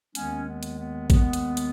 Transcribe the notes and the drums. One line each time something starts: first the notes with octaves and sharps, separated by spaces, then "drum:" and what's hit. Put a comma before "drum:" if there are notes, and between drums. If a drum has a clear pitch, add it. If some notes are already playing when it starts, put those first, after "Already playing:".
D#2 D#3 G#3 B3 C#4, drum: hi-hat
B3
drum: hi-hat
B3
D#2 D#3 G#3 B3, drum: kick A1, hi-hat
drum: hi-hat
drum: hi-hat